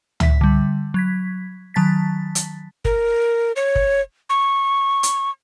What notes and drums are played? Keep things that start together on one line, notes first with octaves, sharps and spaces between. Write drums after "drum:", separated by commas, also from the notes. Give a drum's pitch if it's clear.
E5 B6, drum: tom C#2
D3 G3
F#3 G#6 B6
D#3 F#3 A5 A6 B6
drum: hi-hat
A#4, drum: kick
C#5
drum: kick
C#6
drum: hi-hat